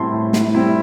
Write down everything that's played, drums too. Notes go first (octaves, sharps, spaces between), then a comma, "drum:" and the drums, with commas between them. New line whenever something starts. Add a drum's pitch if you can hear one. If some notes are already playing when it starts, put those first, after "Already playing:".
Already playing: A2 G3 C4 E4 A5 C6
A2
drum: snare
G3 C4 E4